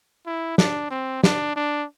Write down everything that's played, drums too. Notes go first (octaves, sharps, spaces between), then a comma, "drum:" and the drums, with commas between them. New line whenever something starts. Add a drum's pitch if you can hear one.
E4
D4, drum: snare
C4
D4, drum: snare
D4